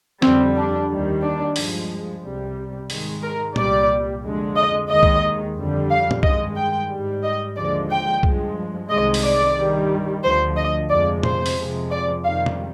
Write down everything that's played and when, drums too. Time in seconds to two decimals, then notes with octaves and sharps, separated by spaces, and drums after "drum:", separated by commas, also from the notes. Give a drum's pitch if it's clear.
0.22 F2 D3 G3 C4, drum: snare
0.56 D4
0.89 D#2 D#3 G3
1.22 D4
1.56 G2 F3 G#3, drum: open hi-hat
2.23 C2 C3 G3
2.90 G#2 D#3 G#3, drum: open hi-hat
3.23 A#4
3.56 C2 A#2 G3 D5, drum: tom
4.23 F2 D3 G#3
4.56 D#5
4.89 D#2 D#3 G#3 D#5
5.03 drum: kick
5.56 F2 D3 G3
5.90 F5
6.11 drum: tom
6.23 G2 D#3 G#3 D#5, drum: kick
6.56 G5
6.90 G#2 G3
7.23 D#5
7.56 D#2 D3 F3 G#3 D5
7.90 G5
8.23 G2 F3 G#3, drum: kick
8.90 C2 C3 D#3 G#3 D#5
9.14 drum: open hi-hat
9.24 D5
9.57 G2 D#3 G3
10.23 D2 D3 F3 C5
10.57 D#5
10.90 F2 C3 F3 G#3 D5
11.23 C5, drum: tom
11.46 drum: open hi-hat
11.57 F2 C3 F3 G#3
11.90 D5
12.24 F2 C3 D#3 G3 F5
12.46 drum: tom